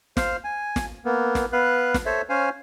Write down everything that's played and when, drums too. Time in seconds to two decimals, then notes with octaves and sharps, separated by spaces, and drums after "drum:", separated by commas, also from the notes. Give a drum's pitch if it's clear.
0.17 C5 F5, drum: snare
0.44 G#5
0.76 drum: snare
1.05 A#3 B3
1.35 drum: snare
1.53 B3 B4 F5 F#6
1.94 drum: snare
2.06 A4 C5 C#5 E5
2.29 C#4 C5 F5 G#5